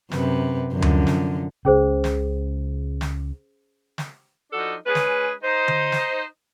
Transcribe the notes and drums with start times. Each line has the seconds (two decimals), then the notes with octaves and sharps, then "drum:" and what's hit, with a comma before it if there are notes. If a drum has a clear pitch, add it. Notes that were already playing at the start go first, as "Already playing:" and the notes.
0.11 F#2 C3 B4, drum: snare
0.72 F#2 D3 F3
0.82 drum: tom D2
1.07 drum: snare
1.65 C#2 C#3 C#4 G#4 C5
2.04 drum: snare
3.01 drum: snare
3.98 drum: snare
4.53 F3 D4 D#4 F#4 A4
4.86 G#3 C#4 G#4 B4
4.95 drum: snare
5.44 D#4 C5
5.68 drum: tom D3
5.92 drum: snare